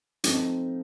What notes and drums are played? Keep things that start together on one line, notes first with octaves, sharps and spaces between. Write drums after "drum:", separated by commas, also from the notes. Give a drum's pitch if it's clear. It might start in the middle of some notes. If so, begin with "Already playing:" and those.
F3 A3 C4 D#4, drum: hi-hat